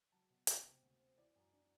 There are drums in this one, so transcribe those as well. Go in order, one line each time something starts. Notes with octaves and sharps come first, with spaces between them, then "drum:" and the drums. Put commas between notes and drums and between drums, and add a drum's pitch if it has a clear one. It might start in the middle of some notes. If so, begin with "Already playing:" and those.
F#3 A5
B2
B2, drum: hi-hat
C3 G5
D2
C4
E3 D5
F#2
D4